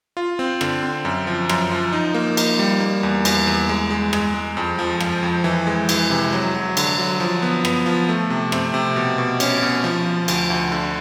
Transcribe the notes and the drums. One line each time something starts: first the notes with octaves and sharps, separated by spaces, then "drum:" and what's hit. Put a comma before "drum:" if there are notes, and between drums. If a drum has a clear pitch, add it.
F4
C4
D3, drum: rim click
C4
F#2
F3
F#2, drum: rim click
F3
D#4
A#3
D#4, drum: cymbal
G3
A#3
E2
E2, drum: cymbal
E2
G#3
G#3
G#3, drum: rim click
G#3
F2
F3
F3, drum: rim click
F2
E3
G#3
E3, drum: cymbal
C3
F#3
F#3
D3, drum: cymbal
F#3
F3
B3
B3, drum: rim click
F3
A3
C3
C4, drum: rim click
C3
B2
B2
C#4, drum: cymbal
B2
F3
F3
D2, drum: cymbal
D2
D3